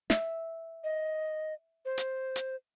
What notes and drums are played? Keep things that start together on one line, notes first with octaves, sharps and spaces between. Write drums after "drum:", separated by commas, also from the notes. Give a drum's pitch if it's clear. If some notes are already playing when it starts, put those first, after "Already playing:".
E5, drum: snare
D#5
C5
drum: hi-hat
drum: hi-hat